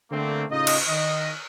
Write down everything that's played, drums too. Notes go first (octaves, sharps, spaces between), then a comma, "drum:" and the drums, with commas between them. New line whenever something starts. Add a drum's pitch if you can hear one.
D3 A3 A#3 C4
A2 C#3 D#4 F4 D#5
drum: cymbal
D#3 D#5